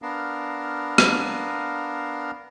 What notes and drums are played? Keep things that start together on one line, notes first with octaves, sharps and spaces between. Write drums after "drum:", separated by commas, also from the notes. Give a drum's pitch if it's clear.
B3 D4 A#4 F5
drum: rim click